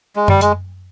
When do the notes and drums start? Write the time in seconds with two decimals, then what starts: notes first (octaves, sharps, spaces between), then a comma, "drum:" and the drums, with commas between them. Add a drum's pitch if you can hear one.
0.16 G#3
0.28 G3, drum: tom F#2
0.41 G#3, drum: hi-hat